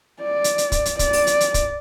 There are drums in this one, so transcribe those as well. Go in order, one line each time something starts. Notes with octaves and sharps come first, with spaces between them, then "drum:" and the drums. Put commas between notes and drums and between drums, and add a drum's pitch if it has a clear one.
D5
drum: hi-hat
drum: hi-hat
drum: kick, hi-hat
drum: hi-hat
D5, drum: kick, hi-hat
drum: open hi-hat
drum: hi-hat
drum: hi-hat
drum: kick, hi-hat